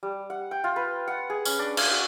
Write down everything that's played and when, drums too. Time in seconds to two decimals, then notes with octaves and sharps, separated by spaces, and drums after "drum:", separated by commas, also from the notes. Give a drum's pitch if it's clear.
0.03 G3
0.30 F#5
0.51 G5
0.64 F4
0.76 B4
1.08 F#5
1.30 G#4
1.45 C#4, drum: tambourine
1.59 D4
1.77 F5, drum: cymbal
1.91 F#4